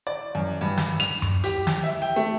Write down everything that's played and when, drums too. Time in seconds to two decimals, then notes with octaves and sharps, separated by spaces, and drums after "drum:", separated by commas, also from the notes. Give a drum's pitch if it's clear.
0.07 D5
0.35 F#2
0.61 G2
0.77 drum: snare
1.00 F7, drum: hi-hat
1.22 drum: tom F#2
1.44 G4, drum: hi-hat
1.67 drum: snare
1.84 E5
2.02 G5
2.16 A3